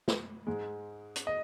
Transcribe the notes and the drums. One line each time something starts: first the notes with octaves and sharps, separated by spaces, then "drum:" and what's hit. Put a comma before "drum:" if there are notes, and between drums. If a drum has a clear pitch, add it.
drum: snare
G#2 G#3
drum: hi-hat
D#5